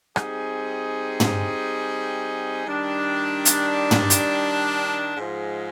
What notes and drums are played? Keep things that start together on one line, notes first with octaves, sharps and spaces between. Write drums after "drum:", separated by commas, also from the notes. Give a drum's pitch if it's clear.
G3 C4 D#4 G#4, drum: rim click
drum: tom
D#3 G3 D4
drum: hi-hat
drum: tom
drum: hi-hat
G#2 F3 G#3